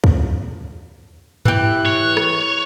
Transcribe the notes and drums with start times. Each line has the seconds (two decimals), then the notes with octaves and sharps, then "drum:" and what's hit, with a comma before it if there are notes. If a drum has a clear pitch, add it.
0.04 drum: kick
1.45 E3 G4 F#6, drum: tom G2
1.86 C#5
2.17 drum: rim click